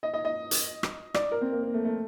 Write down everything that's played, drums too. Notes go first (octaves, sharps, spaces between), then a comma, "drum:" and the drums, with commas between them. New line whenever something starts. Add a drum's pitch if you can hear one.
D#5
D#5
D#5
drum: hi-hat
drum: rim click
D5, drum: rim click
A#4
C4
A#3
A#3
A3
A3